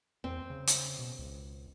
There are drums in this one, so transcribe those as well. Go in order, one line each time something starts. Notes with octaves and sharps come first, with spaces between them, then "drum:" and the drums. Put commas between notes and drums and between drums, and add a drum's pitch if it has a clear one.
E2 C4
C#3
drum: hi-hat
B2
C#2